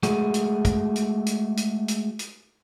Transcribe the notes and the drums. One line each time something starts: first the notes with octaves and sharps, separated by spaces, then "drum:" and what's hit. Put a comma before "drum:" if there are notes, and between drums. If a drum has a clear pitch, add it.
G#3 A3 F#4, drum: hi-hat
drum: hi-hat
drum: kick, hi-hat
drum: hi-hat
drum: hi-hat
drum: hi-hat
drum: hi-hat
drum: hi-hat